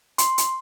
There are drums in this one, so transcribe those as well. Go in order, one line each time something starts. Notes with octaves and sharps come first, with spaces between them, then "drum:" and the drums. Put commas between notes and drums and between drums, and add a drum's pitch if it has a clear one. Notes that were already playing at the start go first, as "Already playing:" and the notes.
C6, drum: hi-hat
drum: hi-hat